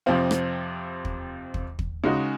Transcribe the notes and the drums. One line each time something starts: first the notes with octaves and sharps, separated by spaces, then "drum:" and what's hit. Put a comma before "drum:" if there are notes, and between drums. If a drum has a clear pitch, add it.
F2 C3 F3 C4 F4
drum: rim click
drum: kick
drum: kick
drum: kick
C#3 G#3 D#4 F#4